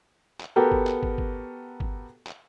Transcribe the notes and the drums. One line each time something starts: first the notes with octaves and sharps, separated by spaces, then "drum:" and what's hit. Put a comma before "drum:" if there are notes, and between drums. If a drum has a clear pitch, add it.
drum: clap
B3 F#4 G4 A4 A#4
drum: kick
drum: clap
drum: kick
drum: kick
drum: kick
drum: clap